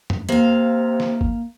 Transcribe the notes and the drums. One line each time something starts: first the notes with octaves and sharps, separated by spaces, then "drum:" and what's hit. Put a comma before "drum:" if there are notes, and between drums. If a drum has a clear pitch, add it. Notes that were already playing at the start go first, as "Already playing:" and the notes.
drum: tom F2
C3 A#3 F5
drum: snare
drum: kick